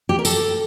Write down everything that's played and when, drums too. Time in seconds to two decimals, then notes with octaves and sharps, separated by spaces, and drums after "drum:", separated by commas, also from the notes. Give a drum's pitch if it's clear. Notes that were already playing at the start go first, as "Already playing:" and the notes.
0.09 G4
0.19 A#4
0.25 A4, drum: tambourine